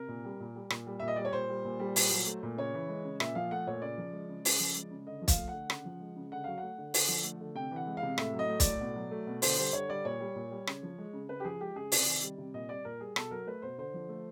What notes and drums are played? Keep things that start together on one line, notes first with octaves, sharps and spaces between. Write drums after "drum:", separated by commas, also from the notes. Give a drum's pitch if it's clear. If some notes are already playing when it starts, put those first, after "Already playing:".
Already playing: C3 A#4
A#2
G3
A#2
G3
A#2, drum: rim click
G3
A#2 E5
D#5
G3 D5
C#5
A#2 C5
G3
A#2
G3
A#2, drum: open hi-hat
F#3
A3
A#2
C#3 C#5
E3
G#3
C#3
A#2 E5, drum: rim click
F3 F5
A3 F#5
A#2 C#5
C#3 D5
F3
G#3
C#3
C#3, drum: open hi-hat
F3
G#3
C#3
D3 D#5
F3
F5, drum: kick, hi-hat
A3
F#5
D3
C#3, drum: rim click
F3
G#3
C#3
D3 F#5
F#3 F5
F#5
A3
D3
D3, drum: open hi-hat
F3
A3
D3
C3 G5
E3 F#5
G#3
F5
C3
A2 E5, drum: rim click
F#3
D#5
A3
D5, drum: kick, hi-hat
A2
B2
F#3
A3
B2
D3 C5, drum: open hi-hat
G3 C5
D3 C#5
G3 D5
A#2 C#5
G3
A#2
G3
C#3, drum: rim click
F3
G#3
C#3
C#3 B4
G4
F3 G#4
G#3 G4
C#3 G#4
C3 D5, drum: open hi-hat
D#3
G3
C3
A#2 D#5
G3 D5
A#2 A#4
G3 G#4
B2 A4, drum: rim click
F#3 A#4
A3 B4
B2 C5
D3 C5
F3
A3